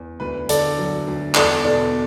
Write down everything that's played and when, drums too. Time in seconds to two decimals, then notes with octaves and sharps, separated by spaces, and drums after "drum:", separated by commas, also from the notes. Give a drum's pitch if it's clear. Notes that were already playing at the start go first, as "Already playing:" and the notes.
Already playing: E2
0.20 D2 B4
0.49 D3 A4 D5, drum: hi-hat
0.78 F#3
1.07 D2
1.35 E2 A4 D5, drum: clap
1.64 B2 A4 D5